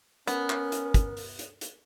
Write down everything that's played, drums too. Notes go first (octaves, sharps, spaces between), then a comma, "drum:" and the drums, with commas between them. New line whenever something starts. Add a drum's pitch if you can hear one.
B3 C#4 A#4, drum: hi-hat
drum: clap
drum: hi-hat
drum: kick, hi-hat
drum: open hi-hat
drum: hi-hat
drum: hi-hat